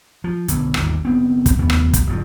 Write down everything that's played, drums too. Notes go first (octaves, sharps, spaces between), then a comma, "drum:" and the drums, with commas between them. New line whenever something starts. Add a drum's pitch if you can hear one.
F3
B1 D3 F#3 B3, drum: hi-hat
G1 D#2 G#2 C3, drum: rim click
F#1 B3 C4
drum: kick, hi-hat
F1 D#2 B3
drum: rim click
drum: kick, hi-hat
F#1 G2 F3